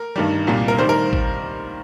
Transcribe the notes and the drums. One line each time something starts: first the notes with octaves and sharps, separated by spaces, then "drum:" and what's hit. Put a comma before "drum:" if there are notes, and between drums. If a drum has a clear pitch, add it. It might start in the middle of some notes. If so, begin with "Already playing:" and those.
Already playing: A#4
G2 D#3 G3
C2 A#2 G3
A#4
D#3 G3 C5
A#4
drum: kick